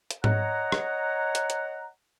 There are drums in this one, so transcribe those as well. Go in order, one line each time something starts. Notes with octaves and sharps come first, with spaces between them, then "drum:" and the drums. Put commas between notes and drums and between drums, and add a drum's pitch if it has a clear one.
drum: hi-hat
C#5 D#5 F#5 A#5, drum: tom G#2
drum: rim click
drum: hi-hat
drum: hi-hat